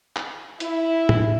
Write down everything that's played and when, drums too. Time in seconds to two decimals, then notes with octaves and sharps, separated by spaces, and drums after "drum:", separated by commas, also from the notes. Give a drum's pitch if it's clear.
0.16 drum: clap
0.60 E4, drum: hi-hat
1.09 drum: tom A2